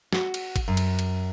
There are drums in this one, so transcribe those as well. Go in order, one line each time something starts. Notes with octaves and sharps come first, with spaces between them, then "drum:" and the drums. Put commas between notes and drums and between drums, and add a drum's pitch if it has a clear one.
F#4, drum: snare
drum: cymbal
drum: kick, cymbal
F#2
drum: cymbal
drum: cymbal